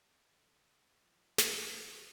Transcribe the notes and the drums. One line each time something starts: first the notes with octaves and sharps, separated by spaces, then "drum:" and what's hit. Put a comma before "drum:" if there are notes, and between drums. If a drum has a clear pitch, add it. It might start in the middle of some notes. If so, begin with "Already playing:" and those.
Already playing: D3
D3
F3
F3, drum: snare